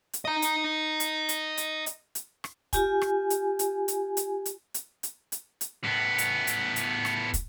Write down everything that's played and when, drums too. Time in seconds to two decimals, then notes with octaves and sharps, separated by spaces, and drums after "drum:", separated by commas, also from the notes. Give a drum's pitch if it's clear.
0.13 drum: hi-hat
0.25 D#5 A#5
0.42 drum: hi-hat
1.00 drum: hi-hat
1.29 drum: hi-hat
1.57 drum: hi-hat
1.86 drum: hi-hat
2.15 drum: hi-hat
2.44 drum: rim click
2.73 F4 G4 G#5, drum: kick, hi-hat
3.01 drum: rim click
3.30 drum: hi-hat
3.59 drum: hi-hat
3.88 drum: hi-hat
4.17 drum: hi-hat
4.46 drum: hi-hat
4.74 drum: hi-hat
5.03 drum: hi-hat
5.32 drum: hi-hat
5.61 drum: hi-hat
5.84 A2 B3
6.18 drum: hi-hat
6.47 drum: hi-hat
6.76 drum: hi-hat
7.05 drum: rim click
7.34 drum: kick, hi-hat